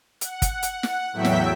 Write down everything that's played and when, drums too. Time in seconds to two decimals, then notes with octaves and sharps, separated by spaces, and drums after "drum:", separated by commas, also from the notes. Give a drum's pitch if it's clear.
0.21 F#5, drum: hi-hat
0.42 drum: kick, hi-hat
0.63 drum: hi-hat
0.83 drum: snare
1.12 E2 A2 F#3 E5 G5 B6
1.25 drum: snare